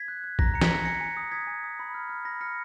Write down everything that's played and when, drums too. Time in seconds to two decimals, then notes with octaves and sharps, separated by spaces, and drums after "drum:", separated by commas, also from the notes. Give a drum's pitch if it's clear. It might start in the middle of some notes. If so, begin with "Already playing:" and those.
Already playing: G#6 B6
0.08 F#6
0.24 F#6
0.39 A#5 A#6, drum: kick
0.54 A#5 C#7
0.62 G#6 B6, drum: snare
0.69 A#5
0.85 G#5 A#6 C#7
1.00 G#5
1.17 D#6
1.32 D#6 G#6 B6
1.47 G#5
1.64 D#6
1.79 B5
1.94 F6
2.09 F6
2.25 B5 A#6
2.41 F6 A#6 C#7